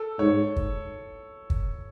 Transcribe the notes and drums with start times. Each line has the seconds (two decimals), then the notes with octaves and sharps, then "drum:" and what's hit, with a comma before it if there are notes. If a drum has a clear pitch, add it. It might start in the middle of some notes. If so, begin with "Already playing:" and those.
Already playing: A4
0.19 G#2 C#5
0.56 drum: kick
1.50 drum: kick